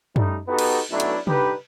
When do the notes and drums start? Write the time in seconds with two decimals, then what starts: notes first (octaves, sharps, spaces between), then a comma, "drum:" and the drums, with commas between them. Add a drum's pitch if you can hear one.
0.16 G3 A3 D#4, drum: tom F#2
0.48 B3 D#4 F#4 G4 A4 B4
0.59 drum: cymbal
0.91 B1 B2 F#3 A3 D4 E4
1.00 drum: hi-hat
1.27 G2 D3 D#4 G4 B4, drum: tom C3